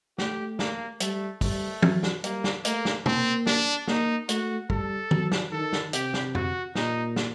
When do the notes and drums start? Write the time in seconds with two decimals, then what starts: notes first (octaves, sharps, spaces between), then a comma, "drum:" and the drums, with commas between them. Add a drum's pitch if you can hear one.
0.19 A3 G4, drum: snare
0.59 A#3, drum: snare
1.00 G3 A3, drum: hi-hat
1.41 G3 A3, drum: kick, open hi-hat
1.82 F#3, drum: tom
2.03 drum: snare
2.24 G3 A#3, drum: hi-hat
2.44 drum: snare
2.65 A3 A#3, drum: hi-hat
2.85 drum: snare
3.06 A#3 C4, drum: tom
3.47 D4, drum: snare
3.88 A#3 D#4, drum: snare
4.29 A3 F#4, drum: hi-hat
4.70 G3 A4, drum: kick
5.11 F#3, drum: tom D#3
5.32 drum: snare
5.52 D#3 A4
5.73 drum: snare
5.93 C3 G4, drum: hi-hat
6.14 drum: snare
6.35 F#4, drum: tom
6.75 A#2 D#4, drum: snare
7.16 drum: snare